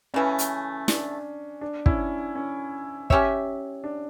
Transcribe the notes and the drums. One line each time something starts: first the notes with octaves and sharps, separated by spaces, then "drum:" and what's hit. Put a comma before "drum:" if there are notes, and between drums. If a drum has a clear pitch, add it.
C#3 E3 A3 C#4
drum: hi-hat
D4, drum: snare
D4
C#4 E4, drum: kick
C#4
C#4 G4 C#5 E5, drum: kick
D4